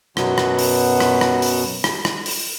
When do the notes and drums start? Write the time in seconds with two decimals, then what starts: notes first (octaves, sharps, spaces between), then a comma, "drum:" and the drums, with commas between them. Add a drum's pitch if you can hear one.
0.17 F#2 B2 F#3 B3, drum: rim click
0.38 drum: rim click
0.59 drum: open hi-hat
1.00 drum: rim click
1.21 drum: rim click
1.42 drum: open hi-hat
1.84 drum: rim click
2.05 drum: rim click
2.26 drum: open hi-hat